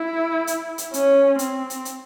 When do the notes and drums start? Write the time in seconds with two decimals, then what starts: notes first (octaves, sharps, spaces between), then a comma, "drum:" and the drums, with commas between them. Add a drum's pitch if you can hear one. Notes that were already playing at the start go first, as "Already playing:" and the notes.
Already playing: E4
0.47 drum: hi-hat
0.78 drum: hi-hat
0.94 C#4, drum: hi-hat
1.39 C4, drum: hi-hat
1.70 drum: hi-hat
1.85 drum: hi-hat